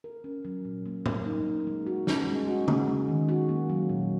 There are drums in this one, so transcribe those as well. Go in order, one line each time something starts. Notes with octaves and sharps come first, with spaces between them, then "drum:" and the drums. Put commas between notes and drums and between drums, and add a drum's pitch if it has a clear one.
A#4
C#4
F#3
A#2
A#3
A#4, drum: tom
D#4
A#3
G#3
F#4
C#4, drum: snare
G#3
F#4
C#4, drum: tom
G#3
D#3
F#4
A#3
F#3
A#2